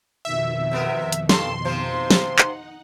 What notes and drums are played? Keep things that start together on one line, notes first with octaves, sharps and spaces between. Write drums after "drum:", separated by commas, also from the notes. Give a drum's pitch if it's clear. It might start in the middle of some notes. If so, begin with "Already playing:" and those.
F2 B2 D#3 E5
C3 B3 A#4
drum: hi-hat
G2 A4 C6, drum: snare
C3 F3 C5
drum: snare
D#4 F#5, drum: clap